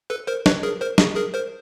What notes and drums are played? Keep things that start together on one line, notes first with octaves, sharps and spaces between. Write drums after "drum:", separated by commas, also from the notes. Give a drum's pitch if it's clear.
A4 B4
A#4 C5
B4 C#5, drum: snare
G#4 A#4
A#4 C5
F#4 G#4, drum: snare
G#4 A#4
A#4 C5